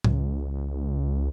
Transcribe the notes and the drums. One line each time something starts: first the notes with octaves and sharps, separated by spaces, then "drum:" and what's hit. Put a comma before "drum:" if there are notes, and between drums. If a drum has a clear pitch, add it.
C#2, drum: tom A2